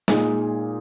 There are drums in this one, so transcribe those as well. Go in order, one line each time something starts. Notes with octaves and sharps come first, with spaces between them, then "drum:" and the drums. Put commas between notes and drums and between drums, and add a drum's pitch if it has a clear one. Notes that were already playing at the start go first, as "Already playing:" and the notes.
A#2 G#3 D#4 G#4, drum: snare